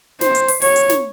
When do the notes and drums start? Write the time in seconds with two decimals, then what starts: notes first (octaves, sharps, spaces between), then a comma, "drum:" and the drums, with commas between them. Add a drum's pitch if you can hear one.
0.21 C5, drum: snare
0.35 drum: hi-hat
0.48 drum: open hi-hat
0.62 C#5, drum: open hi-hat
0.76 drum: hi-hat
0.89 drum: snare